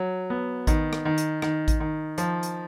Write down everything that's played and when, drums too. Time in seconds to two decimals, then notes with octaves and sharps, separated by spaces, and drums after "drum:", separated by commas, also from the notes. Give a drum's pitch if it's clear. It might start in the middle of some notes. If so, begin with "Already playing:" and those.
Already playing: F#3
0.30 B3
0.67 D#3, drum: kick A1, hi-hat
0.93 drum: rim click
1.05 D#3
1.18 drum: hi-hat
1.42 D#3, drum: rim click
1.68 drum: kick A1, hi-hat
1.80 D#3
2.18 F3, drum: hi-hat
2.43 drum: hi-hat